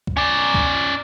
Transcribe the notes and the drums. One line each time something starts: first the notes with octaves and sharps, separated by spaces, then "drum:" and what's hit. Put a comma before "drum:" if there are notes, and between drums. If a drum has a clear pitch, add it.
drum: kick C#2
C#4 D5
drum: kick C#2